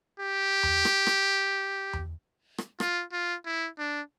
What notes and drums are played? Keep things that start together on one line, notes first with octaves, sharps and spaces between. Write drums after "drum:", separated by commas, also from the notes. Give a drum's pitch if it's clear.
G4
drum: tom E2
drum: rim click
drum: rim click
drum: tom E2
drum: rim click
F4, drum: rim click
F4
E4
D4